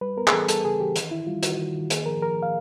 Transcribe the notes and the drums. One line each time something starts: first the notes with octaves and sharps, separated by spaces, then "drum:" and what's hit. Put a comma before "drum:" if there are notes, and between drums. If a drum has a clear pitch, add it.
G3 B4
B3 A#4
G#4, drum: clap
E3 A4
G3 A4, drum: hi-hat
C#3 G#4
E3 G4
D#3, drum: hi-hat
D#3 E4
G3 F4
D#3 F#4, drum: hi-hat
D#3
D#3
A#3 G#4, drum: hi-hat
F3 A#4
F3 A#4
F5